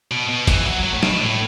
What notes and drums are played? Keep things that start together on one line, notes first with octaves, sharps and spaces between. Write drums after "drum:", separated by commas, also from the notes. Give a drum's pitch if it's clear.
B2
B2
E3, drum: kick, hi-hat
F#3
F#3
A2
B2, drum: snare
A2